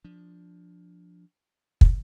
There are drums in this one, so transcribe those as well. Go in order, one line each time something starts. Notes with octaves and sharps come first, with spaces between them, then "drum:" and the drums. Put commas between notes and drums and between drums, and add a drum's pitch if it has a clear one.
F3 D4
drum: kick